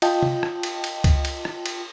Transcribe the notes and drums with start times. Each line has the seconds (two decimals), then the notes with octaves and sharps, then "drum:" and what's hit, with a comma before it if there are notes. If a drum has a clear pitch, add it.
0.02 F4 D#5 G5 A5, drum: cymbal
0.23 drum: tom
0.43 drum: rim click
0.63 drum: cymbal
0.84 drum: cymbal
1.04 drum: kick C#2, cymbal
1.25 drum: cymbal
1.45 drum: rim click
1.66 drum: cymbal